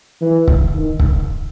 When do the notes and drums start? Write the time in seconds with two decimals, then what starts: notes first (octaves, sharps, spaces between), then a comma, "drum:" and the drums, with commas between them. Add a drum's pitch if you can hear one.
0.21 E3
0.48 drum: kick C#1
0.74 D#3
0.99 drum: kick C#1